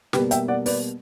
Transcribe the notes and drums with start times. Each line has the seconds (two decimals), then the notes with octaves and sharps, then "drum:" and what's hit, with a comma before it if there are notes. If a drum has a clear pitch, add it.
0.13 B2 G3 A#3 G4 B4, drum: snare
0.31 E5 G5, drum: hi-hat
0.48 D5 F#5
0.66 B4 D5, drum: open hi-hat